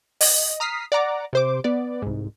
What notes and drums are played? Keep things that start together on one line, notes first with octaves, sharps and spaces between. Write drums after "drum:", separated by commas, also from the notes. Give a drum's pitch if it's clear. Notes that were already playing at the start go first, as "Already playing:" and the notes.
D#5, drum: open hi-hat
A#5 D#6 F6 B6 C7
D5 F#5 A#5 D6
C3 C5 D6
B3 D5
C2 G#2